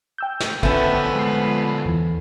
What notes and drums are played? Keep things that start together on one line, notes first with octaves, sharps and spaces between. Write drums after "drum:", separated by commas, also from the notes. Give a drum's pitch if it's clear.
G5 E6 G6
drum: snare
D3 F3 A3 B3 C#4, drum: kick A1
G#3 B5 C7
E2 E3